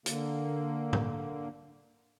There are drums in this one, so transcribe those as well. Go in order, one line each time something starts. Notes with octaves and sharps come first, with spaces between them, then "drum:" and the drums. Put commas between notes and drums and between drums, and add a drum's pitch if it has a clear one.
D3 A#3, drum: hi-hat
drum: tom G#2